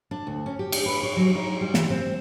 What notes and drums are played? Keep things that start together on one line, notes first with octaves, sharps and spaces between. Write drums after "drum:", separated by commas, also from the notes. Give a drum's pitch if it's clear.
D4
D2
C#4
G4
drum: cymbal
B4
C#5
F#3
D#4
G3
E3, drum: snare
C4